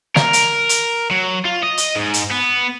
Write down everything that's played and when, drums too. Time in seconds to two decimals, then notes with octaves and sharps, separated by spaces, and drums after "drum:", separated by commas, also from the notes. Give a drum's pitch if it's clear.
0.16 A#4, drum: snare
0.33 drum: hi-hat
0.69 drum: hi-hat
1.11 F#3
1.45 F4
1.63 D#5
1.78 drum: hi-hat
1.96 G#2
2.14 drum: hi-hat
2.31 B3